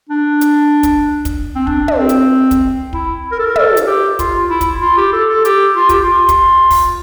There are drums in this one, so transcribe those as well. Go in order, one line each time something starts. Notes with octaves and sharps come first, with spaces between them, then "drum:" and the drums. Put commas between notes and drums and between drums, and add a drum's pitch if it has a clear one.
D4
drum: hi-hat
drum: kick, hi-hat
drum: kick, hi-hat
C4
D4, drum: kick
drum: tom
C4
drum: hi-hat
drum: kick, hi-hat
E4, drum: kick
A#4
A4
A#4
A4, drum: tom
drum: hi-hat
G4
F4, drum: kick, hi-hat
E4
drum: kick, hi-hat
F4
G4
A4
A4
G4, drum: hi-hat
F4
G4, drum: kick, hi-hat
F4
drum: kick, hi-hat
drum: kick, open hi-hat